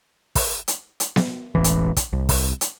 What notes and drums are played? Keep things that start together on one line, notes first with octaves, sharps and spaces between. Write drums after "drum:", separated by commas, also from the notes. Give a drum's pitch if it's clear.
drum: kick, open hi-hat
drum: hi-hat
drum: hi-hat
drum: snare B3
E1 A1 E3
drum: hi-hat
drum: kick, hi-hat
C2
drum: kick, open hi-hat
drum: hi-hat